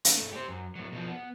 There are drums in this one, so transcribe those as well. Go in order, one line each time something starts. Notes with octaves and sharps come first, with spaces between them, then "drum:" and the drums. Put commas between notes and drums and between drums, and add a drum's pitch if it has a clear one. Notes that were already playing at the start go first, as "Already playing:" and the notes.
drum: hi-hat
G2 A3
G4 C5
F#2
A2 F#3
B2 F3
B3